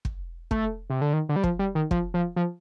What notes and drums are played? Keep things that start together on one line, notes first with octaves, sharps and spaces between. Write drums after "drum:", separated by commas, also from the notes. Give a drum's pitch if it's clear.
drum: kick
A3, drum: kick
C3
D3
D#3
D3
G3
F3, drum: kick
G3
D#3
F3, drum: kick
F3
F3